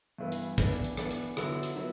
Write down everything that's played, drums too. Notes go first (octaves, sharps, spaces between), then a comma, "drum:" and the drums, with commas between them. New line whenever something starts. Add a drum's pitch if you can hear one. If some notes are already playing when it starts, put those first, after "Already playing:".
G2 E3 B3
drum: hi-hat
E3 B3 D4, drum: kick, hi-hat
drum: hi-hat
E3 B3 D4, drum: rim click
drum: hi-hat
D3 F#3 B3 E4, drum: rim click
drum: hi-hat
F#3 B3 E4